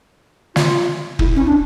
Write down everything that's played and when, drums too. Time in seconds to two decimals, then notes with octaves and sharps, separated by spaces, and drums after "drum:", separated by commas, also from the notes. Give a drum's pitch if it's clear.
0.56 F4, drum: snare
1.19 E4, drum: kick
1.35 C#4
1.46 D4